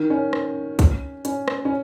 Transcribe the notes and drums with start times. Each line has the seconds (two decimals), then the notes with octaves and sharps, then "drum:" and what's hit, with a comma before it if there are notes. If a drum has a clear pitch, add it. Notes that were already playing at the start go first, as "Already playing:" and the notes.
Already playing: D#3
0.10 C#4
0.33 drum: rim click
0.79 drum: kick, hi-hat
1.25 C#4, drum: hi-hat
1.48 drum: rim click
1.65 C#4